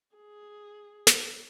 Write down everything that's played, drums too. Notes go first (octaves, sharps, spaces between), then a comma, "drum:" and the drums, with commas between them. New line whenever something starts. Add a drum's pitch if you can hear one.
G#4
drum: snare